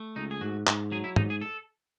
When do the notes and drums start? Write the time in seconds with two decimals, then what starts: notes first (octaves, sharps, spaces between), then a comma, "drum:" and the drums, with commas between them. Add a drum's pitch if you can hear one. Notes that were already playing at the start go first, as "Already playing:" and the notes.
Already playing: A3
0.16 C#2 D#4
0.31 G#4
0.41 G#2 F#4
0.67 G#2, drum: clap
0.92 F#3 G#4
1.04 E4
1.16 G#2 D#4, drum: tom
1.30 G#4
1.41 A4